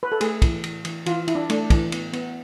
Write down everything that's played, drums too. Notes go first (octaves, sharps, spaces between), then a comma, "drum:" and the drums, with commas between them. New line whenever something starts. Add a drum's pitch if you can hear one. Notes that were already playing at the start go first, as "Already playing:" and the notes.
B4
A4
A3 G#4, drum: cymbal
E3, drum: kick, cymbal
E3, drum: cymbal
E3, drum: cymbal
E3 F4, drum: cymbal
E3 E4, drum: cymbal
D4
A3 D4, drum: cymbal
E3, drum: kick, cymbal
B3, drum: cymbal
B3, drum: cymbal